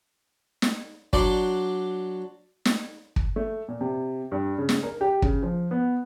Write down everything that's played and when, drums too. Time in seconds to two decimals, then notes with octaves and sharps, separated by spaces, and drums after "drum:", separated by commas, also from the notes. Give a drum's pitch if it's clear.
0.62 drum: snare
1.13 F#3 D4 D5 F#5 C6 D6, drum: kick
2.65 drum: snare
3.16 drum: kick
3.36 A3
3.68 A#2
3.81 C3
4.32 G2
4.58 C#3
4.69 drum: snare
4.83 A#4
5.01 G4
5.22 C#3, drum: kick
5.42 F3
5.71 B3